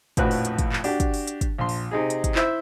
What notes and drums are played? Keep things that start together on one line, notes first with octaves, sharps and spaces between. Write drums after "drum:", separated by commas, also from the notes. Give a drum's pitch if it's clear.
A#1 F2 A2 F#4 B4 F#6, drum: kick, hi-hat
drum: open hi-hat
drum: hi-hat
drum: kick, hi-hat
drum: clap
D4 F#4 G4, drum: open hi-hat
drum: kick, hi-hat
drum: open hi-hat
drum: hi-hat
drum: kick, hi-hat
A#1 C6
drum: open hi-hat
C3 D#4 G#4
drum: hi-hat
drum: kick, hi-hat
E4 C5 E5, drum: clap